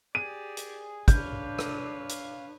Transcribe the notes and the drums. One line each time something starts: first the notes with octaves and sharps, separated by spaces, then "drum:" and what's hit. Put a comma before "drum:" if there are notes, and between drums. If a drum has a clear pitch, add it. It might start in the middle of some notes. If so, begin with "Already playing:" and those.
G4 G#4 D5 D#7
drum: hi-hat
D4 B4 C#5 F5 G6, drum: kick, hi-hat
drum: rim click
drum: hi-hat